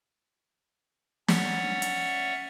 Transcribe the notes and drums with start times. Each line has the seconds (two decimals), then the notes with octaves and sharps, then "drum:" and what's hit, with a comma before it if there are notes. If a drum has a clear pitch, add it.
1.28 C#4 C#5 D5 E5 F#5, drum: snare
1.82 drum: hi-hat